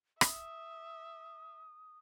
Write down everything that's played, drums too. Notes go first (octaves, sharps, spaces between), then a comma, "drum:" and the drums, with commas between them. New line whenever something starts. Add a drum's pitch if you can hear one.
E5 D#6, drum: rim click